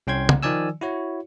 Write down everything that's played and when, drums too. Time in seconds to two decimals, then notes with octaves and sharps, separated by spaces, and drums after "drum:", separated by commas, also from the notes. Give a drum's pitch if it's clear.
0.07 C2 C#4 G5 C6 G#6
0.29 drum: tom
0.43 D#3 F3 D5 G#5 E6
0.81 E4 F#4 C#5